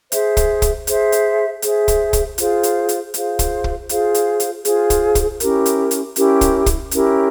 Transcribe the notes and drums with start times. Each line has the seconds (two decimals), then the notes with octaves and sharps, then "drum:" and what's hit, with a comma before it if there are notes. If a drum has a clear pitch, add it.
0.12 G#4 C5 E5, drum: hi-hat
0.37 drum: kick, hi-hat
0.62 drum: kick, hi-hat
0.87 G#4 C5 E5, drum: hi-hat
1.12 drum: hi-hat
1.62 G#4 C5 E5, drum: hi-hat
1.88 drum: kick, hi-hat
2.13 drum: kick, hi-hat
2.38 F4 G#4 C5 F5, drum: hi-hat
2.63 drum: hi-hat
2.89 drum: hi-hat
3.14 F4 G#4 C5 F5, drum: hi-hat
3.39 drum: kick, hi-hat
3.64 drum: kick
3.89 F4 G#4 C5 F5, drum: hi-hat
4.14 drum: hi-hat
4.40 drum: hi-hat
4.65 F4 G#4 C5 F5, drum: hi-hat
4.90 drum: kick, hi-hat
5.15 drum: kick, hi-hat
5.40 C#4 E4 G4 A#4, drum: hi-hat
5.66 drum: hi-hat
5.91 drum: hi-hat
6.16 C#4 E4 G4 A#4, drum: hi-hat
6.41 drum: kick, hi-hat
6.66 drum: kick, hi-hat
6.91 C#4 E4 G4 A#4, drum: hi-hat